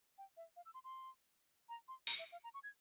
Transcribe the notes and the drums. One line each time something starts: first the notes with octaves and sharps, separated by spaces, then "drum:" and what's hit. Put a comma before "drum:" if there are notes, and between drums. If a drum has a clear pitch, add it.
G5
E5
F5
E6
C6
C6
A#5
C6
A#5, drum: tambourine
E5
F5
A#5
C#6
G#6